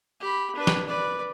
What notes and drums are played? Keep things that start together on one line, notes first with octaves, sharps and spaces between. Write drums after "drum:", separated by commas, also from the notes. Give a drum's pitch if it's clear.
G4 B5
D4 B4
drum: snare
B4 D5